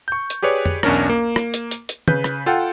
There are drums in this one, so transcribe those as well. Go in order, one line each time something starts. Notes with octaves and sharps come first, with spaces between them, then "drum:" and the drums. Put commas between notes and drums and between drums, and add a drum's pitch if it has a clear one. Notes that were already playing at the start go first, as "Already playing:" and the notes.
C#6 G6
drum: hi-hat
G4 G#4 B4 C#5 D5
drum: tom F2
B1 E2 C#4 D4 A#4 C#5, drum: rim click
A#3
drum: rim click
drum: hi-hat
drum: hi-hat
drum: hi-hat
C#3 B4 G6, drum: tom
drum: rim click
F4 A4 F#5 G5